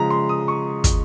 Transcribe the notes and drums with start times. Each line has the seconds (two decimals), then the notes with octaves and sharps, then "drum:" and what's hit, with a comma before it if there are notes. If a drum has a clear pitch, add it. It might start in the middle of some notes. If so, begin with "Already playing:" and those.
Already playing: C#3 F3 G#3 A#5
0.10 C6
0.29 D#6
0.48 C#6
0.84 drum: kick, hi-hat